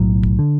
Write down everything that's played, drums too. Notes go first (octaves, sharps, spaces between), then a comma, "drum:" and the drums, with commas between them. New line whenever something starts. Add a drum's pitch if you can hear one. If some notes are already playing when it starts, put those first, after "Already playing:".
Already playing: B1 A2 F#3
drum: kick
D3